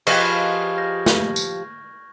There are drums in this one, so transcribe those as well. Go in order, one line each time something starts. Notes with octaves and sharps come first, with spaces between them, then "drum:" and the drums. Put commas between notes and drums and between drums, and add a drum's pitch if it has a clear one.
F3 F4 G4 G#4 B4 D#5 C#6 G#6, drum: cymbal
F6 G6 A#6
drum: snare
drum: tambourine